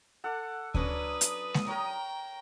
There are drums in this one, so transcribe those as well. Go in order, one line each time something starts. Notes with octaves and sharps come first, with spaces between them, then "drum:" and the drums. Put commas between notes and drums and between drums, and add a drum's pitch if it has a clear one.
A4 F#5 D6
F#3 C#4 D4 B4 D#6, drum: kick D2
drum: hi-hat
drum: snare G#3
A#4 C#5 G5 A#5